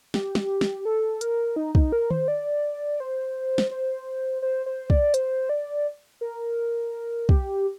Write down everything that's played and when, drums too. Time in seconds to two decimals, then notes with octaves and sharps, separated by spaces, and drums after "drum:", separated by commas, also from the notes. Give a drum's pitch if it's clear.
0.14 G4, drum: snare
0.35 drum: snare
0.61 drum: snare
0.85 A4
1.21 A#4, drum: hi-hat
1.56 D#4
1.75 D#4, drum: kick
1.92 A#4
2.10 C5, drum: tom D#3
2.28 D5
3.00 C5
3.58 drum: snare
3.71 C5
4.42 C5
4.66 C5
4.90 D5, drum: kick
5.14 C5, drum: hi-hat
5.49 D5
6.21 A#4
7.29 G4, drum: kick